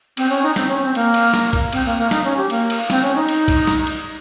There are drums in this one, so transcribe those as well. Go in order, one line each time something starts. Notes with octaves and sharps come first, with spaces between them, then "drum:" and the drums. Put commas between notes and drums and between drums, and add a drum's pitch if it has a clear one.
C4, drum: cymbal
C#4
D#4
C4, drum: snare
C#4
C4
A#3, drum: cymbal
drum: cymbal
drum: snare
drum: kick B1, cymbal
C4, drum: cymbal
A#3
A#3
D#4, drum: snare
C#4
G4
A#3, drum: cymbal
drum: cymbal
C4, drum: snare
C#4
D#4
drum: cymbal
drum: kick B1, cymbal
drum: snare
drum: cymbal